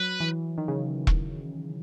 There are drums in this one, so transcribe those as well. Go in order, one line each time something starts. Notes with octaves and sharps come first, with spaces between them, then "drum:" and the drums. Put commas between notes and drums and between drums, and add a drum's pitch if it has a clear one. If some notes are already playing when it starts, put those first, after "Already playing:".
Already playing: F#3 B4
E3
D#3
C#3
drum: kick E1